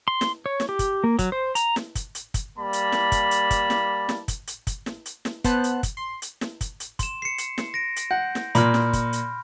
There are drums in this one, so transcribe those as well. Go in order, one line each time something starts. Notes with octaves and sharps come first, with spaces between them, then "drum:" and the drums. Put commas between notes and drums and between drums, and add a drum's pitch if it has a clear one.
C6
drum: snare
C#5
drum: snare
G4
drum: kick, hi-hat
A#3
F#3, drum: kick, hi-hat
C5
A#5, drum: hi-hat
drum: snare
drum: kick, hi-hat
drum: hi-hat
drum: kick, hi-hat
G3 A#3 A5 B5
drum: hi-hat
drum: snare
drum: kick, hi-hat
drum: hi-hat
drum: kick, hi-hat
drum: snare
drum: snare
drum: kick, hi-hat
drum: hi-hat
drum: kick, hi-hat
drum: snare
drum: hi-hat
drum: snare
B3 C5 A5 F#6, drum: kick, hi-hat
drum: hi-hat
drum: kick, hi-hat
C6
drum: hi-hat
drum: snare
drum: kick, hi-hat
drum: hi-hat
C6 E7, drum: kick, hi-hat
C7 C#7
drum: hi-hat
drum: snare
A#6 D7
drum: hi-hat
F#5 G6
drum: snare
A#2 B5 C6 F6, drum: hi-hat
drum: snare
drum: kick, hi-hat
drum: hi-hat